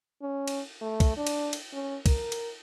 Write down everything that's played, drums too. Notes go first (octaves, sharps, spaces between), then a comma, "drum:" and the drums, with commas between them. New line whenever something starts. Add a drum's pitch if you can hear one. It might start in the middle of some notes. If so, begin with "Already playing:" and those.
C#4
drum: cymbal
A3
drum: kick, cymbal
D4
drum: cymbal
drum: cymbal
C#4
A#4, drum: kick, cymbal
drum: cymbal